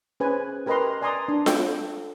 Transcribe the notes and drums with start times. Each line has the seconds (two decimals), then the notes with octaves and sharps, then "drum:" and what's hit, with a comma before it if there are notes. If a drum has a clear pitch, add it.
0.20 C#4 G#4 B4 C5 G#5
0.66 G4 A#4 B4 D#5 A#5 C6
1.02 D5 G#5 A#5 C6 D#6
1.28 D4
1.46 A4 G5, drum: snare F4